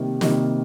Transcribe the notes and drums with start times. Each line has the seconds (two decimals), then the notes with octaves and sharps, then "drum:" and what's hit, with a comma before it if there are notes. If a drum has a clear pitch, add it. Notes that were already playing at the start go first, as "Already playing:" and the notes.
Already playing: C3 D#3 G3 A#3
0.21 C3 D#3 G3 A#3, drum: snare